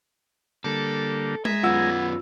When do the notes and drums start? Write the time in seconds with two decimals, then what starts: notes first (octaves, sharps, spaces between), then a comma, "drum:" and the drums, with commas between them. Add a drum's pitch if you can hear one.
0.64 D3 G3 A#3 A4
1.45 G#3 E5 G#5 A#5, drum: tom G#3
1.63 F#2 B3 F4 F#5 E6 G#6